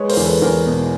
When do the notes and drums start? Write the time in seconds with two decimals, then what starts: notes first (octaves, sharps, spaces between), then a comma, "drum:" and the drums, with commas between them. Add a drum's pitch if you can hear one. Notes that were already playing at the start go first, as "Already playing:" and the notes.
Already playing: G#3 B4 C#5
0.09 A#4 C5, drum: open hi-hat
0.17 E2
0.25 A4 B4
0.41 E2 A#4 C5
0.66 B2